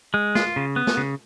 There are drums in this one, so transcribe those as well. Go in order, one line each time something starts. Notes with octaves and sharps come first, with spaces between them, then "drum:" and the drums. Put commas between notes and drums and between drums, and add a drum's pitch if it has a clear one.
G#3
F4, drum: snare
C#3
B3
drum: snare
C#3